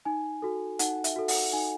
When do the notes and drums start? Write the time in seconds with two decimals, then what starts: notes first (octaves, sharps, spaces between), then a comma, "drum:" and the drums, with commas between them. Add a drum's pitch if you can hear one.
0.05 D#4 G#5
0.42 F#4 A4
0.79 D#4 F#5, drum: hi-hat
1.04 E5, drum: hi-hat
1.16 F#4 A4
1.28 F#5, drum: open hi-hat
1.53 D#4 G#5